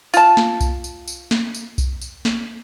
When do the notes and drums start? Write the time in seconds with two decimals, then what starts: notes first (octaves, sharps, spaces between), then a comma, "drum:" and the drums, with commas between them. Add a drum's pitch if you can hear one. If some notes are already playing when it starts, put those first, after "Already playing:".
0.14 F4 A5, drum: tambourine
0.37 drum: snare
0.61 drum: kick B1, tambourine
0.84 drum: tambourine
1.08 drum: tambourine
1.31 drum: snare
1.55 drum: tambourine
1.78 drum: kick B1, tambourine
2.02 drum: tambourine
2.25 drum: snare